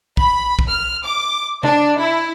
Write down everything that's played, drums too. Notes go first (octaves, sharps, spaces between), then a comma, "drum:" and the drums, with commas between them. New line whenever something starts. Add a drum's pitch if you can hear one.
B5, drum: kick
drum: kick
F6
D6
D4, drum: tom C3
E4